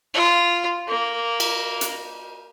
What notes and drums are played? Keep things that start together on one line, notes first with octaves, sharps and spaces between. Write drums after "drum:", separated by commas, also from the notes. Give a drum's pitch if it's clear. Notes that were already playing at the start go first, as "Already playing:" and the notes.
F4
A#3
drum: cymbal
drum: hi-hat